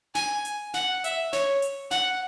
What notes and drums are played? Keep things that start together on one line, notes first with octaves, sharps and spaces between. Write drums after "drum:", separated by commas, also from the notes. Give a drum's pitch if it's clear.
G#5, drum: snare
drum: hi-hat
F#5, drum: snare
E5, drum: hi-hat
C#5, drum: snare
drum: hi-hat
F#5, drum: snare